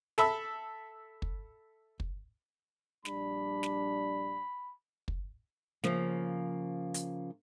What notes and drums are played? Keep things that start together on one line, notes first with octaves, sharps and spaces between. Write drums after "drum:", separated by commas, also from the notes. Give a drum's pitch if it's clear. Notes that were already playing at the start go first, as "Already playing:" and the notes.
A4 E5 B5 E6, drum: snare
drum: kick
drum: kick
A#1 G3 D4 B5, drum: snare
drum: snare
drum: kick
C#3 F3 A#3, drum: snare
drum: hi-hat